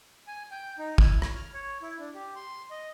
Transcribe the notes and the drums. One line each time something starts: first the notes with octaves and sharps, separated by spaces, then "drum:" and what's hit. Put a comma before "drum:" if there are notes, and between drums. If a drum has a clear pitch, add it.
G#5
G5
D#4
E4, drum: kick
C#5, drum: rim click
F6
C#5
E4
D4
G4
C6
D#5